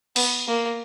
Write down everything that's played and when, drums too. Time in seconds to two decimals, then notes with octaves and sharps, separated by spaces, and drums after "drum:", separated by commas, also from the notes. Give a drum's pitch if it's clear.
0.16 B3, drum: cymbal
0.48 A#3